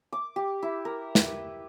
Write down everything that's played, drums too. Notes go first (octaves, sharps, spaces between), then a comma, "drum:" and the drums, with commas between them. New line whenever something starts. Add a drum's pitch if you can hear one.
D6
G4
E4
A#4
B4, drum: snare